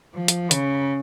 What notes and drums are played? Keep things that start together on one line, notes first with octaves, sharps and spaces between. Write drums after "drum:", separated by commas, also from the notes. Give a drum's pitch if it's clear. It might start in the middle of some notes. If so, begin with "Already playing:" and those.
F3
drum: hi-hat
C#3, drum: hi-hat